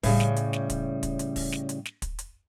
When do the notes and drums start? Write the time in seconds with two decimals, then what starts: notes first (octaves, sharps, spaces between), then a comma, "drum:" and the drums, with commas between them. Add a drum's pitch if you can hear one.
0.03 A2 C#3 G3, drum: kick, open hi-hat
0.20 drum: snare
0.36 drum: hi-hat
0.53 drum: snare
0.70 drum: kick, hi-hat
1.03 drum: kick, hi-hat
1.19 drum: hi-hat
1.36 drum: kick, open hi-hat
1.52 drum: snare
1.69 drum: hi-hat
1.85 drum: snare
2.02 drum: kick, hi-hat
2.19 drum: hi-hat